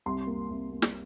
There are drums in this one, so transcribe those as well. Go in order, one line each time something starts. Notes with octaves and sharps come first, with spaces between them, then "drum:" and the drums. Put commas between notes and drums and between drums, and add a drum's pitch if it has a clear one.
C2 C6
A#3
C2
A#3
drum: snare